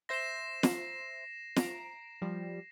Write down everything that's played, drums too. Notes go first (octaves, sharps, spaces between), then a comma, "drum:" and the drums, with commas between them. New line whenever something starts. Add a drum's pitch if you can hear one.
C5 E5 C6 A#6 C7 E7
drum: snare
A#5 D7, drum: snare
F3 G3